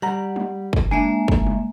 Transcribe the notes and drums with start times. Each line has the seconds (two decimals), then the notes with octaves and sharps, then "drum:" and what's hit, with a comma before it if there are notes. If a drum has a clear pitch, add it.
0.02 G3 F#5 A#5
0.36 drum: tom G3
0.73 drum: kick
0.91 G#3 A#3 D4 E5 G#5
1.28 drum: kick
1.47 drum: tom G3